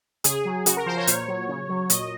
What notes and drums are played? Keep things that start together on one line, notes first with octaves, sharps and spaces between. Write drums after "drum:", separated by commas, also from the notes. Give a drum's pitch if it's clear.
C#3 G#4, drum: hi-hat
F#3
C#3 F#4, drum: hi-hat
A#4
F3 C5
C#5
A#2, drum: hi-hat
F#3
C#3
F#3
A#2 D#5, drum: hi-hat